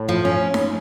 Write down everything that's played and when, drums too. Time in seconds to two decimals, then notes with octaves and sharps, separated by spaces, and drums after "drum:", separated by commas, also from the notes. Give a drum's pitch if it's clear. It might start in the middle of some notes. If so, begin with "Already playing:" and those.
Already playing: A2
0.09 F3
0.25 C#4
0.54 drum: snare D#4